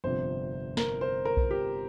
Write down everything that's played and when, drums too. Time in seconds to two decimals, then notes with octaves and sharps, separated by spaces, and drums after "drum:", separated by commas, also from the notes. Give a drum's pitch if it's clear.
0.04 G1 F2 C3 C5
0.77 A#4, drum: snare
1.01 C5
1.25 A#4
1.37 drum: kick B1
1.51 G4